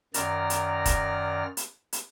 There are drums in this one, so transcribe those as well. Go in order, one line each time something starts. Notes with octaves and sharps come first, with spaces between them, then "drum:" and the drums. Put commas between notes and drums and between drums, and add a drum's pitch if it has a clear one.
F#2 D#3 D5 A#5 F6 A#6, drum: hi-hat
drum: hi-hat
drum: kick, hi-hat
drum: hi-hat
drum: hi-hat